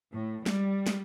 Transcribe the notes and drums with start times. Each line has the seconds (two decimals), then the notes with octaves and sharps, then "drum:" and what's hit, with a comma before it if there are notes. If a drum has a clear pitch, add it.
0.12 A2
0.46 G3, drum: snare
0.87 drum: snare